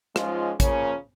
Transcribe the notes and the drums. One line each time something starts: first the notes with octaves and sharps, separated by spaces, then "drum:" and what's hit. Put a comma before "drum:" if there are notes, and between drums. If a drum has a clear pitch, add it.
G#2 F3 G#3 C#4 F4, drum: rim click
C#3 F3 A#3 C#4, drum: kick, hi-hat